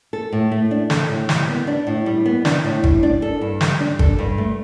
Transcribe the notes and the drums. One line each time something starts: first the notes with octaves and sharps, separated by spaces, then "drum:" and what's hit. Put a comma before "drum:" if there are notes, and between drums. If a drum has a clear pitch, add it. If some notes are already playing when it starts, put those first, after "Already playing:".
A4
A2
A3
D4
A4, drum: snare
A2
G3, drum: snare
B3
D4
A2
G3
B3
D4, drum: snare
A2
G3, drum: kick
D4
A4
G2
G3, drum: snare
D4
A4, drum: kick
G2
A3